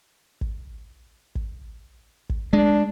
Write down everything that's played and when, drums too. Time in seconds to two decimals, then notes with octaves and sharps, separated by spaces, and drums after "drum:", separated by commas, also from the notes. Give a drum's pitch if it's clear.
0.41 drum: kick
1.35 drum: kick
2.29 drum: kick
2.53 G#3 D4